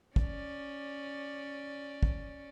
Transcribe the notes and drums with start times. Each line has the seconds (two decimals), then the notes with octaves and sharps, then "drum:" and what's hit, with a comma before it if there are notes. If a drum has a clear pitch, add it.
0.16 C#4 D5, drum: kick
2.03 drum: kick